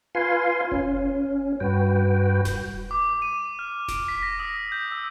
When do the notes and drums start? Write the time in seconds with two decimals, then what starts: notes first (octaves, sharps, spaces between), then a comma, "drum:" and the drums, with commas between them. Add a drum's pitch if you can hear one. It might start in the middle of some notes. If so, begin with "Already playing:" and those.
0.15 F4 B4 F5 G#5 C6
0.71 C#4, drum: kick F#1
1.60 G2 F#4 B4 G5
2.45 drum: snare E1
2.91 D6
3.22 D#7
3.59 F6
3.88 D7, drum: snare E1
4.08 B6
4.23 A#6
4.39 D#6
4.72 G6
4.91 E6